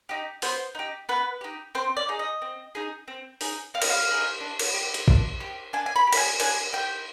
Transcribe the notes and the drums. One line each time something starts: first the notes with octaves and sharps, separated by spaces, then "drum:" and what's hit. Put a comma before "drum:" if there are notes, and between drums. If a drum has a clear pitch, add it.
D#4 G4
B3 C5, drum: open hi-hat
D#4 G4
B3 B4
D#4 G4
C4 C5
D5
D#4 G#4
D#5
C4
D#4 G#4
C4
D#4 G#4, drum: open hi-hat
C4 F5
D#5, drum: cymbal
F5
D#4 G#4
D4
drum: cymbal
G4
drum: hi-hat
D4, drum: kick A1
G4
D4 G#5
G#5
B5
G4
B5, drum: cymbal
G#5
D4 G#5, drum: cymbal
G4 G5